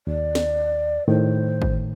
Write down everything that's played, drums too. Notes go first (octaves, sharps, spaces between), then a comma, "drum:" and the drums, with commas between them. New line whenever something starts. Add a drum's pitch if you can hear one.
D#2 D5
drum: snare
A2 D#3 C5
drum: kick